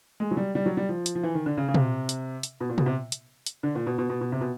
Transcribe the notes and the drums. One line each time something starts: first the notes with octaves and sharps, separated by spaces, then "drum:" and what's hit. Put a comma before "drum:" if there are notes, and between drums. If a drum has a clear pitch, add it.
G#3
F#3
G3
G3
F#3
G3
F3
drum: hi-hat
F3
E3
D#3
D3
C#3
C#3
C3, drum: tom
drum: hi-hat
drum: hi-hat
B2
A#2
B2, drum: tom
C3
drum: hi-hat
drum: hi-hat
D3
A#2
B2
B2
B2
B2
C3
B2